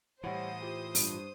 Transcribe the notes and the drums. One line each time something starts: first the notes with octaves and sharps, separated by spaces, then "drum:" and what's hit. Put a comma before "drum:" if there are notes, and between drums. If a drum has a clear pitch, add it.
A2 E3 G3 C5 C#5 F#5 D#6
F4 G4
G2 D4, drum: open hi-hat